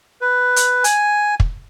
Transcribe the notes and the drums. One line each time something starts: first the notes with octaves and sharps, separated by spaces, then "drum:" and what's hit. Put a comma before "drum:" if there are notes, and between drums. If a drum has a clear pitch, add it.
B4
drum: hi-hat
G#5, drum: hi-hat
drum: kick